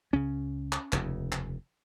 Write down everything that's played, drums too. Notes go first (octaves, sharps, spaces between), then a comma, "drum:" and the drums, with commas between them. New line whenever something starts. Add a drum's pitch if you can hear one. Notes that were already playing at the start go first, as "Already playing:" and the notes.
C#2 C#3 C#4
drum: clap
F1 D#2 C#3, drum: clap
drum: clap